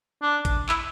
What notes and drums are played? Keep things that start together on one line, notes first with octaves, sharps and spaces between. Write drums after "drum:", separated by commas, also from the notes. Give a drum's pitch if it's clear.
D4
drum: kick, hi-hat
E4, drum: clap